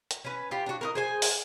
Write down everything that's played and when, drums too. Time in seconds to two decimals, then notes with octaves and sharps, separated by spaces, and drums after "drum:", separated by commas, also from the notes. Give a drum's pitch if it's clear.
0.11 drum: hi-hat
0.25 C#4 B4
0.51 F4 G4
0.66 D4 F#4
0.81 A#4 B4 D#5
0.95 G#4 C5 G#5
1.22 drum: open hi-hat